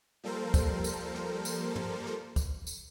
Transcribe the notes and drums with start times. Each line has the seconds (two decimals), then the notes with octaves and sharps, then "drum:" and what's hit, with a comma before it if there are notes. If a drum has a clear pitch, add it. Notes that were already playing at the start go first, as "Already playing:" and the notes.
0.24 F3 G3 A#3 A4 A#4 C5
0.54 drum: kick, tambourine
0.84 drum: tambourine
1.15 drum: rim click
1.45 drum: tambourine
1.75 drum: tom
2.06 drum: rim click
2.36 drum: kick, tambourine
2.67 drum: tambourine